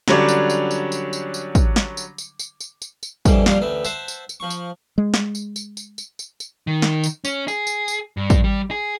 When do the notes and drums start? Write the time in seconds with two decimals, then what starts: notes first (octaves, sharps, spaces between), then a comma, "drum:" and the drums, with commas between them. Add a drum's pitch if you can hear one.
0.08 D3 F#3 G3 C#4 D4, drum: snare
0.28 drum: tambourine
0.50 drum: tambourine
0.71 drum: tambourine
0.92 drum: tambourine
1.13 drum: tambourine
1.34 drum: tambourine
1.55 drum: kick, tambourine
1.76 drum: snare
1.97 drum: tambourine
2.18 drum: tambourine
2.39 drum: tambourine
2.61 drum: tambourine
2.82 drum: tambourine
3.03 drum: tambourine
3.25 C2 F2 B2 D3 E3, drum: kick, tambourine
3.46 A#1 G3 D4 F4 A#5 C6, drum: snare
3.61 A1 D2 B3 E5
3.84 C5 E5 F#5 A5, drum: tambourine
4.08 drum: tambourine
4.29 drum: tambourine
4.40 F3 C#6
4.50 drum: tambourine
4.98 G#3
5.14 drum: snare
5.35 drum: tambourine
5.56 drum: tambourine
5.77 drum: tambourine
5.98 drum: tambourine
6.19 drum: tambourine
6.40 drum: tambourine
6.67 D#3
6.82 drum: snare
7.03 drum: tambourine
7.25 C#4, drum: tambourine
7.48 G#4, drum: tambourine
7.67 drum: tambourine
7.88 drum: tambourine
8.17 G2
8.30 drum: kick, tambourine
8.44 G3
8.71 G#4